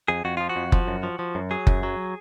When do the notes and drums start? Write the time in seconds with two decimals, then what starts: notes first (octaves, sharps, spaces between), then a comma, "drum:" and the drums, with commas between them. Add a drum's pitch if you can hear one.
0.08 F2 G#4
0.25 F2 F#4
0.37 F3 F4
0.49 F#4
0.56 F2
0.72 F3, drum: kick F#1
0.88 F#2
1.03 F3
1.19 F3
1.35 F#2
1.51 F#3 G#4
1.67 F#2, drum: kick F#1
1.83 F#3